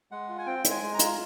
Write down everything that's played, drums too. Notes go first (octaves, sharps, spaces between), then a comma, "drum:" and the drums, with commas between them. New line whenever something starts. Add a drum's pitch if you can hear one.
G#3 F#5
F4
G#5
C4 G5
G#3, drum: hi-hat
G#5
G#3
A#5
F4, drum: hi-hat